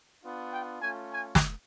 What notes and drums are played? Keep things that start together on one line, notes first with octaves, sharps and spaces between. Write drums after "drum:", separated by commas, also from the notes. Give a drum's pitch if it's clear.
B3 D4 F4
G5
A3 C#4 F4 G#5
G#5
drum: snare